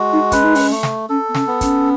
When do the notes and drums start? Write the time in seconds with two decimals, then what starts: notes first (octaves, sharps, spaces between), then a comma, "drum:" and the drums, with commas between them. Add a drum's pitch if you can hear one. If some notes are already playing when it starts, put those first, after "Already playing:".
Already playing: G#3 F#4
0.12 D#4
0.32 C#4 B4, drum: kick, hi-hat
0.43 D#4
0.55 C#4, drum: open hi-hat
0.71 A3
0.83 drum: snare
1.09 C#4 A4
1.28 B3
1.35 C#4, drum: snare
1.47 B3
1.61 C#4, drum: kick, hi-hat